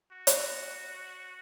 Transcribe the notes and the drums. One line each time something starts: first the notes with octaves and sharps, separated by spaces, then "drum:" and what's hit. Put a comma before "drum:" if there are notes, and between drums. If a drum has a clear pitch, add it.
F#4
drum: hi-hat